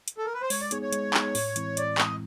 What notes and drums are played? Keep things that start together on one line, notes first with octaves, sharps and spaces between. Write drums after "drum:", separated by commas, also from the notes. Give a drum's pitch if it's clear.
drum: hi-hat
A4
A#4
B4
C5
G#3 C#5, drum: open hi-hat
D5
B3 D#4 G#4 C#5, drum: hi-hat
C#5
G#3, drum: hi-hat
B3 D#4 G#4, drum: clap
A2, drum: open hi-hat
E3 G#3 C4 E4, drum: hi-hat
A2 D5, drum: hi-hat
E3 G#3 C4 E4 D#5, drum: clap